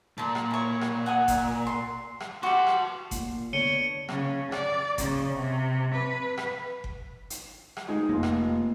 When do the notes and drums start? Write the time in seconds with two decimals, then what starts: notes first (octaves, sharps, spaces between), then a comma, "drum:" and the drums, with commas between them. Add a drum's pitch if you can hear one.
0.18 A#2 A5 C6
0.35 drum: rim click
0.51 E4 C#5
0.81 drum: rim click
1.06 F#5 G#5 D#6
1.28 drum: kick G1, hi-hat
1.67 C6
2.20 drum: rim click
2.43 F#4 G4 A5 C6
2.67 drum: rim click
3.11 A#2, drum: kick G1, hi-hat
3.53 D3 B3 C#5 C#7 D#7 G7
4.09 C#3, drum: rim click
4.52 D5, drum: rim click
4.98 C#3, drum: kick G1, hi-hat
5.37 C3
5.95 B4
6.38 drum: rim click
6.84 drum: kick G1
7.30 drum: hi-hat
7.77 drum: rim click
7.88 G#3 D#4 G#4
8.09 F1 A#3 F4
8.23 drum: rim click